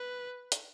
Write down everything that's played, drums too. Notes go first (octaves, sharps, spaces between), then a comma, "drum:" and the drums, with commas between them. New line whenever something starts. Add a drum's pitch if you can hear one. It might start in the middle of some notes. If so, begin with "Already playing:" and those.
Already playing: B4
drum: hi-hat